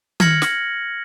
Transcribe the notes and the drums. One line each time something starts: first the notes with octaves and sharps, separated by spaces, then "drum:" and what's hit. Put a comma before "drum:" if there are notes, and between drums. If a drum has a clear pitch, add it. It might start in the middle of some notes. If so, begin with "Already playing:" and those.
F6 G#6 A#6 C#7 F#7, drum: tom D#3
drum: snare